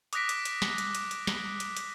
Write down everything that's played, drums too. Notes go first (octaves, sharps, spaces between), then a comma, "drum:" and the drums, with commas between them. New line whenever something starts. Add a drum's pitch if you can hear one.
D6 D#6 F#6 A#6 B6 D7, drum: hi-hat
drum: hi-hat
drum: hi-hat
drum: snare
drum: hi-hat
drum: hi-hat
drum: hi-hat
drum: snare
drum: hi-hat
drum: hi-hat